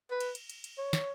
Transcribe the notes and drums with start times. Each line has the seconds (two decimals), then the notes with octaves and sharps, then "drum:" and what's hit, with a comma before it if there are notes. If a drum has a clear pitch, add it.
0.11 B4
0.20 drum: cymbal
0.35 drum: cymbal
0.50 drum: cymbal
0.64 drum: cymbal
0.78 C#5
0.93 drum: snare